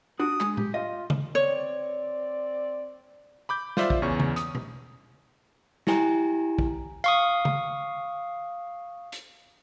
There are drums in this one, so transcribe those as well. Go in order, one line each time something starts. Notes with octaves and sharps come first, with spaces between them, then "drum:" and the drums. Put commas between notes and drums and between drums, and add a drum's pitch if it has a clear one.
D4 F#4 D#6
G#3, drum: clap
G4, drum: tom A2
F4 D#5 F5
drum: tom C#3
C4 C#5 D5
B5 D6 G6
F4 C5 D5 E5, drum: snare
drum: kick
E2 C#3 C#4 C#6
drum: tom C#3
D#6, drum: hi-hat
drum: tom
E4 G4 G#5 A#5, drum: snare
drum: kick
F5 C#6 D#6, drum: tambourine
drum: tom C#3
drum: hi-hat